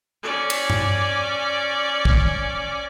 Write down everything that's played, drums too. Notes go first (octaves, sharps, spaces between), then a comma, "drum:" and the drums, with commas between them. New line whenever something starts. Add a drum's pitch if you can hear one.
C#4 D5
drum: cymbal
drum: tom G2
drum: kick